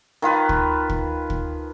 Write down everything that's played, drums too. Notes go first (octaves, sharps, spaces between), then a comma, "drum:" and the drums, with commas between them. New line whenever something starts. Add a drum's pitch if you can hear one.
D#3 F4 B4 A5
drum: kick
drum: kick
drum: kick